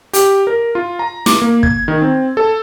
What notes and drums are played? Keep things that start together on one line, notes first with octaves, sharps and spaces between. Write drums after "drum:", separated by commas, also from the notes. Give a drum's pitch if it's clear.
G4, drum: hi-hat
A#4
F4
A#5
D6, drum: snare
A#3
G#6, drum: kick
D#3
C4
A4